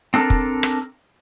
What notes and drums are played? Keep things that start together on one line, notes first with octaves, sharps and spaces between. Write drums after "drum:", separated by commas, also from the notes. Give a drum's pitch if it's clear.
C4 D4 A4 A#4
drum: kick
drum: rim click